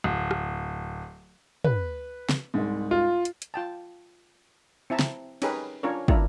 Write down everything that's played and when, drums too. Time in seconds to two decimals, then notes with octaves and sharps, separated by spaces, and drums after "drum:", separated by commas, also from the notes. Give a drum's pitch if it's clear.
0.04 D1
0.31 drum: rim click
1.64 B4, drum: tom
2.29 drum: snare
2.54 C2 G#2
2.91 F4
3.25 drum: hi-hat
3.42 drum: hi-hat
3.54 F4 G5 A5
4.90 C4 E4 E5 A5 A#5
4.99 drum: snare
5.42 C#4 D#4 G4 G#4 A#4 B4, drum: cymbal
5.83 C#4 D4 F4 A#4 C#5
6.08 A#3 D4 E4 F4 A#4, drum: kick